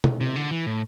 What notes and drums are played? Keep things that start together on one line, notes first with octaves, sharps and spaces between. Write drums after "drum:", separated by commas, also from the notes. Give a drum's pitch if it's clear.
drum: tom B2
C3
D3
E3
A2